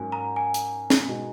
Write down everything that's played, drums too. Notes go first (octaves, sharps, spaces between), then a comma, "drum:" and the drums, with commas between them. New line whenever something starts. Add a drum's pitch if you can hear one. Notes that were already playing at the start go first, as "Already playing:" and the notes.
Already playing: G#2 F#3 C#4 A#4 G#5
A#5
G#5
drum: hi-hat
drum: snare
B2 G#3 D#4